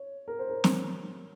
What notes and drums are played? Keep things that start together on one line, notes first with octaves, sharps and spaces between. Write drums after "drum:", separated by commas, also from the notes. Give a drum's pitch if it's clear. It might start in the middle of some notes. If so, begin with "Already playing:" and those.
Already playing: C#5
A#4
C5
A#4
drum: snare